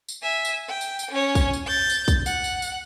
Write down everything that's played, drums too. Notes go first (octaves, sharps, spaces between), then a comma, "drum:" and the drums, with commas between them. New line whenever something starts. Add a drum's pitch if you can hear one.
drum: tambourine
E5 G#5
drum: tambourine
G5
drum: tambourine
drum: tambourine
C#4 C#5
drum: kick, tambourine
drum: tambourine
G6 A6
drum: tambourine
drum: kick, tambourine
F#5, drum: tambourine
drum: tambourine
drum: tambourine